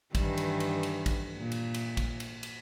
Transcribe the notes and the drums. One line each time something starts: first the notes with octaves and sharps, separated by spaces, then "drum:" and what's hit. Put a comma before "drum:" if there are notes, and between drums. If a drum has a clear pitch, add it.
G2 D#3 E3, drum: kick, cymbal
drum: cymbal
drum: cymbal
drum: cymbal
drum: kick, cymbal
A#2
drum: cymbal
drum: cymbal
drum: kick, cymbal
drum: cymbal
drum: cymbal